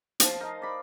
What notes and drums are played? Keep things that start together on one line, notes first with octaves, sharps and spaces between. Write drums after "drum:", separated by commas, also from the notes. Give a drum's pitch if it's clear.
F3 A5, drum: hi-hat
D#4 A#4 D#5 F5
D5 B5